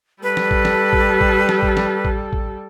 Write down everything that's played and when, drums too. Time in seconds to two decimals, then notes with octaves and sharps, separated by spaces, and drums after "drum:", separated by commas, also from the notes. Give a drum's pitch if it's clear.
0.23 G3 A4 B4
0.37 drum: snare
0.51 drum: kick A1
0.65 drum: snare
0.93 drum: kick A1
1.21 drum: kick A1
1.49 drum: snare
1.63 drum: kick A1
1.77 drum: snare
2.05 drum: kick A1
2.33 drum: kick A1